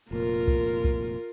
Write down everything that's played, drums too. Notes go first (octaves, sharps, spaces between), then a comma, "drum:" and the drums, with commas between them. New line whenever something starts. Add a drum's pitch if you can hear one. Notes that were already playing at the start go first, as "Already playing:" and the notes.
F1 A#2 F4 A#4
drum: kick C2
drum: kick C2